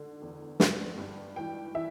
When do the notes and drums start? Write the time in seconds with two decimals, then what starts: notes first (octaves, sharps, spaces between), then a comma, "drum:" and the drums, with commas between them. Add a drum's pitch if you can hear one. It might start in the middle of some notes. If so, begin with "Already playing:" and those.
Already playing: D3
0.22 E2
0.60 G2, drum: snare
0.98 G2
1.36 E3 G5
1.75 E3 E5